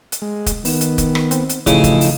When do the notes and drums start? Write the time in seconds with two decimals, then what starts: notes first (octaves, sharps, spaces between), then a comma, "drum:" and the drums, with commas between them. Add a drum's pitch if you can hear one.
0.12 drum: hi-hat
0.22 G#3
0.46 drum: kick, hi-hat
0.65 D#3 B3, drum: open hi-hat
0.81 drum: hi-hat
0.98 drum: kick, hi-hat
1.15 drum: rim click
1.31 C4, drum: hi-hat
1.49 drum: hi-hat
1.66 A1 C#3 F3 A3 D#4 E4, drum: kick, hi-hat
1.84 drum: kick, hi-hat
2.01 drum: open hi-hat